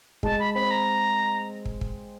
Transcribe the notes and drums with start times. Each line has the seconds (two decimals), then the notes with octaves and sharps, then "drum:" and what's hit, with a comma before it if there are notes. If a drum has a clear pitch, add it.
0.23 G#3 A5, drum: kick
0.40 B5
0.54 C4 B5
0.71 A#5
1.65 drum: kick
1.81 drum: kick